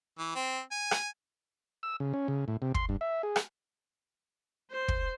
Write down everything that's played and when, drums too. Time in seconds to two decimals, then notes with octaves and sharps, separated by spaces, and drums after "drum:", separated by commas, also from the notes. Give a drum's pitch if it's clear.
0.18 E3
0.35 C4
0.71 G#5
0.91 drum: rim click
1.83 E6
2.00 C#3
2.14 C#4
2.28 C#3
2.48 A2
2.62 C3
2.75 C6, drum: kick
2.89 G2
3.01 E5
3.23 G#4
3.36 drum: rim click
4.71 C5
4.88 drum: kick